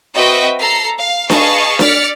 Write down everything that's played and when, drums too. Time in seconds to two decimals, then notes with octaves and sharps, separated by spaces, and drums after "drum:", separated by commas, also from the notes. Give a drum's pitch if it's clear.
0.15 C4 F#4 B4 D#5 E5 G5
0.59 A4 A#5 C7
0.97 F5
1.30 G#4 B4 D#5 F5 A5 C#6, drum: snare D4
1.79 D5 F6 A6 B6 C#7, drum: snare D4